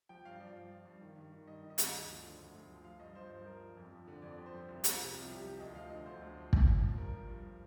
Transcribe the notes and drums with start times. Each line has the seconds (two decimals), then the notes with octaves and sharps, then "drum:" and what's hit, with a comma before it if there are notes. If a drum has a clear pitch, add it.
0.09 F3 G5
0.25 G2 F5
0.40 F3 D5
0.55 G2
0.71 F3
0.85 G2
1.01 D#3
1.16 G2
1.32 D#3
1.47 G2 D#5
1.63 D#3
1.70 D#5
1.78 G2, drum: hi-hat
1.93 D2
2.08 F3
2.24 D3
2.39 D2
2.54 D2
2.69 F3
2.84 F3 F5
3.00 G2 D#5
3.15 F3 C5
3.31 G2 C5
3.46 F3 A#4
3.61 G2
3.77 F2
3.92 F3
4.08 D3
4.22 F2 D5
4.37 F2
4.46 C5
4.54 F3
4.69 C2
4.84 F3, drum: hi-hat
4.99 C3
5.14 C2 F4
5.30 C2
5.37 G4
5.45 F3
5.60 D2 D#5
5.75 F3 F5
5.90 D3 D#5
6.06 D2 C5
6.22 D2
6.37 F3
6.53 F3, drum: kick
6.68 G2
6.83 F3
6.98 G2 A#4
7.13 F3
7.28 G2
7.43 F3